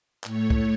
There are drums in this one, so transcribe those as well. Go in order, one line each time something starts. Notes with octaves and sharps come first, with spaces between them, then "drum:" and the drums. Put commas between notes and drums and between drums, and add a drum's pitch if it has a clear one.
A2 A3 C#5, drum: clap
drum: kick C2